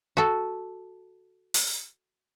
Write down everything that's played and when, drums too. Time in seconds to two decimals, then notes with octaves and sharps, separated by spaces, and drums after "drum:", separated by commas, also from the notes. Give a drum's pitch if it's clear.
0.17 F#4 A4
1.54 drum: open hi-hat